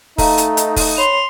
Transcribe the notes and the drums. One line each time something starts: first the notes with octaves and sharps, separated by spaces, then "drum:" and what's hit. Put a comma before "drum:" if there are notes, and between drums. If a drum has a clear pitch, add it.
A3 D#4 F5 A#5, drum: kick, open hi-hat
drum: hi-hat
drum: hi-hat
drum: kick, open hi-hat
C#5 B5 C6 F7